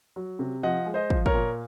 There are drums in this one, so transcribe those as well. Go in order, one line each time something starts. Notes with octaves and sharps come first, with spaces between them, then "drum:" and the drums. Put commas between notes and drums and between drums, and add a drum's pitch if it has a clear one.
F#3
C3
F3 D#5 F#5
G#3
C5 D#5
F3, drum: kick
A#4 C#5, drum: kick
A#2